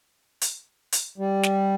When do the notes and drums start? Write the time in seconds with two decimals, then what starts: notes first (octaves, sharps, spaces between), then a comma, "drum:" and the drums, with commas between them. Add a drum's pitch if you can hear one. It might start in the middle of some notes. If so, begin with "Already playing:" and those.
0.41 drum: hi-hat
0.92 drum: hi-hat
1.18 G3
1.43 drum: snare